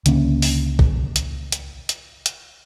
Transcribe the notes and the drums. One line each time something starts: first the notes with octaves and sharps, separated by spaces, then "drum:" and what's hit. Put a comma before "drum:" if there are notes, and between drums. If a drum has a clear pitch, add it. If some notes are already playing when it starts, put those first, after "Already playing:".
C#2 D3 A#3 C#4, drum: hi-hat
drum: open hi-hat
drum: kick
drum: hi-hat
drum: hi-hat
drum: hi-hat
drum: hi-hat